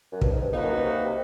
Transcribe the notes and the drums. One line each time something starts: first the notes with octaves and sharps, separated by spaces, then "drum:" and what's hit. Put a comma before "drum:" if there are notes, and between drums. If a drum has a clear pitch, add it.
F#2
G2, drum: kick
G#2
G2
F2 A#3 D#4 F#4 B4
F#2
B2
C3
C3